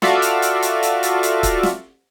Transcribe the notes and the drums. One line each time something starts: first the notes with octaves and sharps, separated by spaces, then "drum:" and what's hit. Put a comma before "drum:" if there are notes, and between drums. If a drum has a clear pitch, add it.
F4 F#4 A4 D5 E5 F5, drum: snare
drum: hi-hat
drum: hi-hat
drum: hi-hat
drum: hi-hat
drum: hi-hat
drum: hi-hat
drum: kick, hi-hat
drum: snare